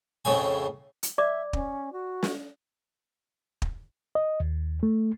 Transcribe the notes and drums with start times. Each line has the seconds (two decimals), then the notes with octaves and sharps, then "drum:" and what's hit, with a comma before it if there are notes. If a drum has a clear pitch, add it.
0.25 F2 A2 C#3 G#5
1.03 drum: hi-hat
1.18 D5 E5 D6
1.53 C#4, drum: kick
1.92 F#4
2.23 drum: snare
3.62 drum: kick
4.15 D#5
4.40 D#2
4.83 A3